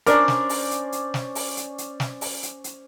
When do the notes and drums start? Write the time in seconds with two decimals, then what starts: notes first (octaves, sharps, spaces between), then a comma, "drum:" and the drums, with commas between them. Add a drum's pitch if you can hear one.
0.06 C#4 D4 A#4 C5 D5, drum: hi-hat
0.28 drum: snare
0.49 drum: open hi-hat
0.71 drum: hi-hat
0.92 drum: hi-hat
1.14 drum: snare
1.35 drum: open hi-hat
1.57 drum: hi-hat
1.78 drum: hi-hat
2.00 drum: snare
2.21 drum: open hi-hat
2.43 drum: hi-hat
2.64 drum: hi-hat